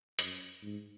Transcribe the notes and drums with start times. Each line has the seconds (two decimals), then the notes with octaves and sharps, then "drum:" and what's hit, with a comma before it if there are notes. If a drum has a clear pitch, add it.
0.19 F#2, drum: hi-hat
0.63 G#2